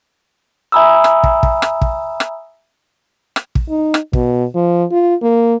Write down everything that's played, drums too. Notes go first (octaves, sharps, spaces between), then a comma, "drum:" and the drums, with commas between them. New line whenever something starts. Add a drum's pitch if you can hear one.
E5 G#5 A#5 B5 D#6 E6
drum: rim click
drum: kick
drum: kick
drum: rim click
drum: kick
drum: rim click
drum: rim click
drum: kick
D#4
drum: rim click
B2, drum: kick
F3
F4
A#3